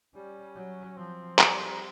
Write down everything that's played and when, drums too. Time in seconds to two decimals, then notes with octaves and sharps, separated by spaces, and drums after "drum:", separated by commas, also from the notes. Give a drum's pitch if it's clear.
0.14 G3 C#4
0.56 F#3
0.97 F3 C4
1.39 G3, drum: clap